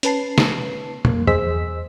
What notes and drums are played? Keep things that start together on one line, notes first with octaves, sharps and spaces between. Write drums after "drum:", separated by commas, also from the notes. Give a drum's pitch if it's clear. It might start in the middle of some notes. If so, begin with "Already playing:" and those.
C#4 B4 A5 C7, drum: hi-hat
drum: snare
F2 A#3, drum: tom
E2 G#4 C5 D#5 E6 B6, drum: tom F#2